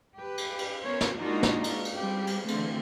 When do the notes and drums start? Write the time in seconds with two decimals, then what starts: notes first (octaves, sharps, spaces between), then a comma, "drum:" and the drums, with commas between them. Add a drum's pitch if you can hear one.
0.17 G4 B4
0.37 drum: cymbal
0.59 drum: cymbal
0.83 B3 C#4 A#4 C5 C#5
1.01 drum: snare
1.17 G#3 A#3 D4 D#4 F4 F#4
1.43 drum: snare
1.64 drum: cymbal
1.85 drum: cymbal
1.98 G3 C4 G4
2.27 drum: cymbal
2.48 D3 E3 A3 C4, drum: cymbal